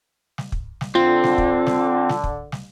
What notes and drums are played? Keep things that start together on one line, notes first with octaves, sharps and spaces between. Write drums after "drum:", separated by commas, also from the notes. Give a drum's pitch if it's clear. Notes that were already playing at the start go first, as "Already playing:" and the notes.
drum: snare
drum: kick
drum: snare
D3 C4 F4
drum: snare
drum: kick
drum: snare
drum: snare
drum: kick
drum: snare